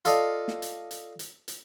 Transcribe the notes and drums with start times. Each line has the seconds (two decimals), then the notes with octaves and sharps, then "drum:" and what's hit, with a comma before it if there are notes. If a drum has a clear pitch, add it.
0.05 F4 A4 D5 D#5 F5, drum: hi-hat
0.48 drum: snare
0.62 drum: hi-hat
0.91 drum: hi-hat
1.19 drum: hi-hat
1.48 drum: hi-hat